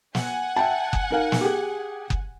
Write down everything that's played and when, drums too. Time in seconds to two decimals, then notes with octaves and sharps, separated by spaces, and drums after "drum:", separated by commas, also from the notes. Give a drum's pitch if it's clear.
0.15 F#5 G#5, drum: snare
0.56 E5 G5 A5
0.93 drum: kick F#1
1.11 D#4 A#4 F5
1.32 drum: snare
1.41 G4 G#4
2.10 drum: kick F#1